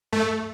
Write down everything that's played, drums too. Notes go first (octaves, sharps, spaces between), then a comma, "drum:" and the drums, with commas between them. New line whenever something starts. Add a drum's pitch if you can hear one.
A3, drum: tom G2